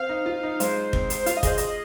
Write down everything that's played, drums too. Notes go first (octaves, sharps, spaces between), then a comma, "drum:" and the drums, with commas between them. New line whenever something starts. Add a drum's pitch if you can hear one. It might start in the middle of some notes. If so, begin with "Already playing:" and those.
Already playing: C4 F5
D#4
F4
D#4
G#3 C5, drum: hi-hat
C4, drum: kick
drum: hi-hat
F4 F5, drum: hi-hat
D#5
G#4 C5, drum: kick, hi-hat
D#5, drum: hi-hat